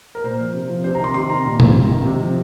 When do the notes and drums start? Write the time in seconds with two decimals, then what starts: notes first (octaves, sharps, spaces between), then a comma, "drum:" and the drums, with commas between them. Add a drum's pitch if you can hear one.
0.15 A#4
0.24 A#2 C5
0.39 F3
0.54 C3
0.70 F3
0.84 C3 C5
0.95 A#5
0.99 D#3 C6
1.14 C3 C6
1.29 D#3 A#5
1.44 A#2
1.60 F3, drum: tom
1.75 C3
1.91 D#3
2.05 C3
2.21 F3